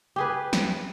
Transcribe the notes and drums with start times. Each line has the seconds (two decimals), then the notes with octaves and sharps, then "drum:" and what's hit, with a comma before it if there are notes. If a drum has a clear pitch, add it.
0.16 G4 G#4 B4
0.53 drum: snare